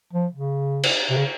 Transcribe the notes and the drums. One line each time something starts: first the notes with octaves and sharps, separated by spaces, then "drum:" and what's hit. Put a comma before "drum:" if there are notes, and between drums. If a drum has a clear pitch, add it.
F3
C#3
drum: cymbal
C3
C#3